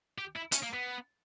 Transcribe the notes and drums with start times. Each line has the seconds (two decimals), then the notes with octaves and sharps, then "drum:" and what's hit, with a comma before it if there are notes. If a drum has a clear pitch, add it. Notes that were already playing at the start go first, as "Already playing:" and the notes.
0.18 G4
0.36 E4
0.52 C#4, drum: hi-hat
0.63 A#3
0.73 B3